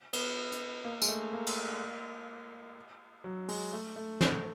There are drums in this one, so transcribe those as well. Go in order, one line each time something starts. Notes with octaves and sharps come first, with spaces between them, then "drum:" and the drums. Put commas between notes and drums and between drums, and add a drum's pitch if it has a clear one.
B3, drum: cymbal
drum: hi-hat
A#3
G#3, drum: tambourine
A3
A#3
drum: cymbal
F#3
G#3, drum: open hi-hat
A3
A3
A3, drum: snare